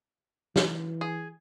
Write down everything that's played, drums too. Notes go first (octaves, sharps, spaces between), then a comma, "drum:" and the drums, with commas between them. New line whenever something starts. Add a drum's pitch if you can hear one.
E3, drum: snare
G#4